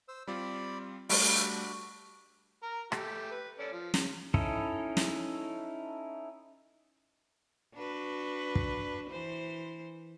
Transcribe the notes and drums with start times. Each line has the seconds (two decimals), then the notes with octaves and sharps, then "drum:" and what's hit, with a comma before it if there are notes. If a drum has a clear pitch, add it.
0.08 C5 E6
0.27 G3 C4 F4 D5 B5
1.09 G3 A3 D4 F#4 B5, drum: open hi-hat
2.63 A#4 A#5
2.92 A3 G4, drum: rim click
3.31 B4
3.59 C#4 A4 D5
3.72 F3
3.94 drum: snare
4.34 C#4 D#4 E4 A4, drum: kick
4.97 drum: snare
7.75 D4 F#4 B4
8.55 drum: kick
9.10 E3 C5